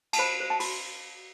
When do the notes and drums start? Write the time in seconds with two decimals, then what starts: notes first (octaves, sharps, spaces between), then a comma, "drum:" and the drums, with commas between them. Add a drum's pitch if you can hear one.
0.13 A5, drum: cymbal
0.19 C5 B5
0.40 C5
0.50 A5
0.60 F#4 B5, drum: open hi-hat